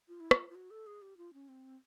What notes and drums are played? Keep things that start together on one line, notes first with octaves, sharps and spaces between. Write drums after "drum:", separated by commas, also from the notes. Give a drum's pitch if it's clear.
F4
E4
F4, drum: rim click
F4
F#4
A4
G#4
G4
F4
C#4
C4